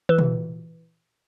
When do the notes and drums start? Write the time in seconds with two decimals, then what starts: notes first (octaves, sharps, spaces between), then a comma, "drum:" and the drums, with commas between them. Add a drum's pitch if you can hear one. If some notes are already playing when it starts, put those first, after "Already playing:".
0.09 E3
0.18 drum: tom